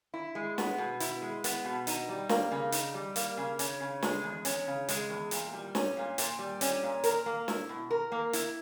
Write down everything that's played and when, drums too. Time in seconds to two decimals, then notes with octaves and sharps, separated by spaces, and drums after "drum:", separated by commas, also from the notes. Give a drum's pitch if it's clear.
0.14 E4
0.35 G#3
0.58 B3, drum: snare
0.78 B2
1.00 E4, drum: hi-hat
1.22 G#3
1.44 B3, drum: hi-hat
1.65 B2
1.87 D#4, drum: hi-hat
2.09 G3
2.29 A#3, drum: snare
2.51 C#3
2.72 D#4, drum: hi-hat
2.94 G3
3.16 A#3, drum: hi-hat
3.37 C#3
3.59 C#4, drum: hi-hat
3.80 C#3
4.03 G#3, drum: snare
4.24 E2
4.45 C#4, drum: hi-hat
4.67 C#3
4.89 G#3, drum: hi-hat
5.10 E2
5.31 A#2, drum: hi-hat
5.53 G3
5.75 C#4, drum: snare
5.97 A#2
6.18 A#2, drum: hi-hat
6.39 G3
6.61 C#4, drum: hi-hat
6.83 A#2
7.04 A#4, drum: hi-hat
7.26 A#3
7.48 E4, drum: snare
7.69 B2
7.90 A#4
8.12 A#3
8.33 E4, drum: hi-hat